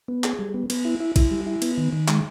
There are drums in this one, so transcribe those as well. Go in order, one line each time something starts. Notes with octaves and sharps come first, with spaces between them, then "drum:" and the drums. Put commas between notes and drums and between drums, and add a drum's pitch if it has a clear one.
B3
G#4, drum: clap
G3
B3
B3, drum: cymbal
E4
E4
E4, drum: kick, cymbal
G3
E4
B3, drum: cymbal
D#3
D#3
G#3, drum: clap